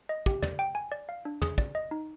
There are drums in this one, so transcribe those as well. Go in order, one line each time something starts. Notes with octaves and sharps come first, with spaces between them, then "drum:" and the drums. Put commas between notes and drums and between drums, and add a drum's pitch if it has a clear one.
D#5
G4, drum: kick
D5, drum: tom
G5
G#5
D5
F5
D4
G#4, drum: tom
D5, drum: kick
D#5
D#4